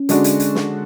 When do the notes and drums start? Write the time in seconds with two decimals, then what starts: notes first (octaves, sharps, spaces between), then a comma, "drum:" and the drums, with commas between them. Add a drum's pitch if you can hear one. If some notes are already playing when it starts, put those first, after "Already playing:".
Already playing: C#4
0.09 D3 G#3 D4 F#4, drum: hi-hat
0.24 drum: hi-hat
0.40 drum: hi-hat
0.55 drum: snare